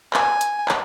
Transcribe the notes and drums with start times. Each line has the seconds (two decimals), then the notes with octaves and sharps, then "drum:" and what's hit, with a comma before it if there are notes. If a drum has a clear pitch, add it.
0.13 G#5, drum: clap
0.41 drum: hi-hat
0.68 drum: clap